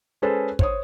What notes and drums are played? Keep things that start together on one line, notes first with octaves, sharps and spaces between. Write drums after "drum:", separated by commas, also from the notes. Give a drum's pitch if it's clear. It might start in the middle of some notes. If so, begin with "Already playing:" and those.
G#3 C#4 G#4 A4 B4 C5
C5 C#5 D#6, drum: kick